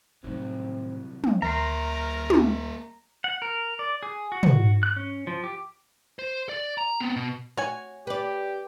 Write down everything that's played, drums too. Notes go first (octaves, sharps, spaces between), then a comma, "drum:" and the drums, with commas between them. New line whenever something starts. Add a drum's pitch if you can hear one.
C2 A2 D#3 F#3 C4
drum: tom
D2 A#3 A#4 E5 A#5 C6
drum: tom
F#5
A#4
D5
G#4
F#4
drum: tom
F#6
C#4
F3
G4
C5
D5
A#5
B3 C4
B2
F#4 C#5 G#5
G4 B4 D5